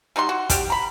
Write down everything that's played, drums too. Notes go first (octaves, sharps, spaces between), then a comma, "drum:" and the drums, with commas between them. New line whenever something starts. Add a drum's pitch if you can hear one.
G3 D#4 F#4 C6
F#4
G3 F#4 G4, drum: kick, hi-hat
A#5 B5